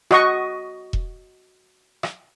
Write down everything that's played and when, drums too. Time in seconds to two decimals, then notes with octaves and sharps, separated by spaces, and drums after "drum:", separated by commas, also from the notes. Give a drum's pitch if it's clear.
0.11 F#4 D#5 C#6, drum: rim click
0.93 drum: kick E1
2.03 drum: rim click